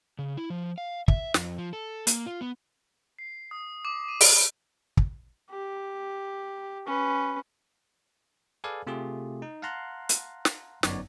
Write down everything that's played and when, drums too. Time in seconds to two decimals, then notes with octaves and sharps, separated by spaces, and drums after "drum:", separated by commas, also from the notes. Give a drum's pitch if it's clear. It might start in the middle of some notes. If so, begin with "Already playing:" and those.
0.19 C#3
0.37 E4
0.50 F3
0.78 F5
1.08 E5, drum: kick
1.34 F2, drum: snare
1.58 F3
1.73 A4
2.07 A#3, drum: hi-hat
2.26 F4
2.41 B3
3.19 C7
3.51 D#6
3.85 D6
4.09 D#7
4.21 drum: open hi-hat
4.97 drum: kick
5.51 G4
6.86 C#4 B4
8.64 G#4 A4 B4 D5 F5 G#5
8.87 C3 A3 F4 G4 G#4
9.42 D#4
9.62 F5 F#5 A5 A#5 C6 F#6
10.09 drum: hi-hat
10.45 drum: snare
10.83 G1 F#2 B3 D#4 C#5 D5, drum: snare